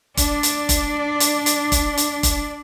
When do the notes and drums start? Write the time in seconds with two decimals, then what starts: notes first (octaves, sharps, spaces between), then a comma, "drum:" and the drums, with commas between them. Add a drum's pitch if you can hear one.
0.17 D4 D5, drum: kick F1, hi-hat
0.43 drum: hi-hat
0.69 drum: kick F1, hi-hat
1.20 drum: hi-hat
1.46 drum: hi-hat
1.72 drum: kick F1, hi-hat
1.97 drum: hi-hat
2.23 drum: kick F1, hi-hat